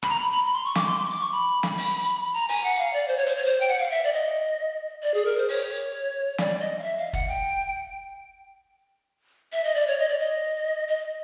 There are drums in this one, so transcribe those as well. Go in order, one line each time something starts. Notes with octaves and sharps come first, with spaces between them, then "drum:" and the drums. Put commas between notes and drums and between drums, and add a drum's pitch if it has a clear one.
B5, drum: rim click
A#5
B5
B5
B5
C6
C#6
D6, drum: snare
C6
C6
C#6
D6
C#6
B5
drum: snare
drum: open hi-hat
A#5
G#5, drum: open hi-hat
F#5
F5
D5
C5
C#5
C5, drum: hi-hat
C#5
C5
G5
F#5
F5
E5
D5
D#5
D5
G#4
A#4
C5
C#5, drum: open hi-hat
D5, drum: snare
D#5
F5
E5
F5
F#5, drum: kick
G5
E5
D#5
D5
C#5
D#5
D5
D#5
D#5